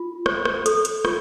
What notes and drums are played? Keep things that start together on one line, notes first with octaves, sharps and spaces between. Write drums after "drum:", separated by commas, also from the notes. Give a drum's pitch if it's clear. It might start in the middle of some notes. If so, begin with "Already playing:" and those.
Already playing: F4
C5, drum: rim click
drum: rim click
A4, drum: hi-hat
drum: hi-hat
F4, drum: rim click